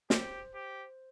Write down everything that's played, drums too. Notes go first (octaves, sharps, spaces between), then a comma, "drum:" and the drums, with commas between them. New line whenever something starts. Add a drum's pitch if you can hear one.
G4 C5, drum: snare
G4 C5